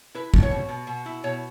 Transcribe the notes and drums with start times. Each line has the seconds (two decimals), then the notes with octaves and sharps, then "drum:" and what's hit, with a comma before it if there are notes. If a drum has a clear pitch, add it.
0.14 E4 B4
0.34 B2, drum: kick
0.43 C#5
0.51 B2
0.69 B2
0.87 B2
1.06 E4
1.24 B2 C#5